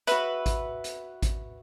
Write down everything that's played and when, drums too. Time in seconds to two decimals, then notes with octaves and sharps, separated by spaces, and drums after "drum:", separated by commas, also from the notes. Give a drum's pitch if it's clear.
0.07 F#4 B4 E5, drum: hi-hat
0.46 drum: kick A1, hi-hat
0.84 drum: hi-hat
1.23 drum: kick A1, hi-hat